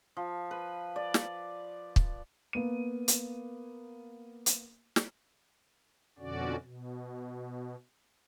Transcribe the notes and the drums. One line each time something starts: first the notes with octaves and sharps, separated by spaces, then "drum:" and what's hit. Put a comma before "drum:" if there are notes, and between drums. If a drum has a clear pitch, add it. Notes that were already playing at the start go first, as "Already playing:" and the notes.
F3
B4
D5
drum: snare
drum: kick
A#3 B3 D#7
drum: hi-hat
drum: hi-hat
drum: snare
F2 B2 D3 C#4 F#4 D5
B2